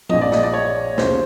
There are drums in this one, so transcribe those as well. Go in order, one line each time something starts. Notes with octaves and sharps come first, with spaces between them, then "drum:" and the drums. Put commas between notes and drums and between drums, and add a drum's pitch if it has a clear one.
A#1 A#2 F3 D#5, drum: tom
D5
D#5, drum: snare
D5
C#5
E1 D#2 C#3 F3 C5, drum: snare